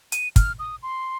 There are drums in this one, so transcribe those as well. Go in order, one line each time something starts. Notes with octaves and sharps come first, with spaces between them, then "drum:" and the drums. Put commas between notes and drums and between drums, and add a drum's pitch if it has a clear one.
D#7, drum: hi-hat
F6, drum: kick, hi-hat
D#6
C6